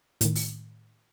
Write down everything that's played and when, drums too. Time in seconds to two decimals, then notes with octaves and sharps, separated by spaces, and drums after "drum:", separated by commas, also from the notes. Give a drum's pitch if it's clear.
0.21 A2 D#3, drum: hi-hat
0.35 drum: open hi-hat